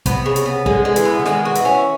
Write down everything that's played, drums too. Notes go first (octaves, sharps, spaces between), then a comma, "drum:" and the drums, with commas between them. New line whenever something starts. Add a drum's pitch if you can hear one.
C3 B3, drum: kick, hi-hat
C#3
drum: hi-hat
B3
D3 G#3, drum: kick
G#3
E3, drum: hi-hat
B3
D3
D#3 G#3, drum: snare
F#4
E3, drum: hi-hat
C#4